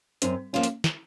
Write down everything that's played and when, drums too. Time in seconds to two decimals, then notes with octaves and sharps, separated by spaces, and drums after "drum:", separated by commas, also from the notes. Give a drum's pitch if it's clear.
0.22 F#2 C4, drum: hi-hat
0.53 F3 A#3 C#4 F4
0.63 drum: hi-hat
0.84 drum: snare